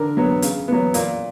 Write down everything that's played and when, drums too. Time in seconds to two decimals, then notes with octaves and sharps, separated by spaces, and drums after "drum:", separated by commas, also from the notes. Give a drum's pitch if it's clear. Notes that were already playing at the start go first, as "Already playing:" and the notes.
Already playing: D3 A#4
0.17 F#3 B3
0.42 C#3, drum: hi-hat
0.68 F#3 B3
0.94 A#2, drum: hi-hat